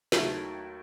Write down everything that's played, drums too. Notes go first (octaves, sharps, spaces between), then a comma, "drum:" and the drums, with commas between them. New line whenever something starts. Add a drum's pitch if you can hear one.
D#2 D#3 F#3 A3 E4, drum: snare